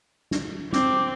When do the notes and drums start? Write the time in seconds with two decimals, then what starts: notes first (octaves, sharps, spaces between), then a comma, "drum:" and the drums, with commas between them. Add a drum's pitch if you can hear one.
0.31 drum: snare
0.73 C4 D6, drum: snare